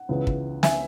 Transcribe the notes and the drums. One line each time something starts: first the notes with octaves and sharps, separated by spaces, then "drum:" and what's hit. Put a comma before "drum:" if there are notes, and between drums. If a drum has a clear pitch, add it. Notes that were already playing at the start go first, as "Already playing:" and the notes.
Already playing: F#5
C#2 C#3 E3 B3
drum: kick
E5 G#5, drum: snare